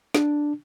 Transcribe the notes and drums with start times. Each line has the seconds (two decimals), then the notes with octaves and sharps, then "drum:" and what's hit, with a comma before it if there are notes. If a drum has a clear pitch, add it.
0.14 D4, drum: snare